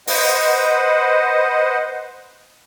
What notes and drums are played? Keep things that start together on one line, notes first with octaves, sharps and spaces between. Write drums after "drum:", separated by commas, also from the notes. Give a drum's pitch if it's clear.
B4 C5 D#5 F#5, drum: open hi-hat